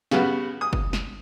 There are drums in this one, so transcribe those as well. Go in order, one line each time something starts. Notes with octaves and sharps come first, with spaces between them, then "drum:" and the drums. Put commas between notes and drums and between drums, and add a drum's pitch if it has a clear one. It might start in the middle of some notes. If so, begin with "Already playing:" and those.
C#3 G3 B3 F#4, drum: snare
D#6
drum: kick
drum: snare